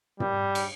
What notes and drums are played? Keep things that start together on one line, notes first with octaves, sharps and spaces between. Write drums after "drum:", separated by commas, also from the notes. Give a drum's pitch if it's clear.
G3, drum: tom
drum: cymbal